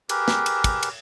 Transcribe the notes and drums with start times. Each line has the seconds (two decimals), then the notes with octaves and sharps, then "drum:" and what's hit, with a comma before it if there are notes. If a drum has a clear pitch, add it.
0.09 G4 G#4 A#4 B4, drum: cymbal
0.28 drum: snare
0.46 drum: cymbal
0.64 drum: kick, cymbal
0.83 drum: cymbal